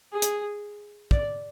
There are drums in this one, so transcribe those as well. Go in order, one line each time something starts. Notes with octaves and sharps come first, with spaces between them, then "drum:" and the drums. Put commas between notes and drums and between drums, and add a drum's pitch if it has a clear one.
G#4
drum: hi-hat
D5, drum: kick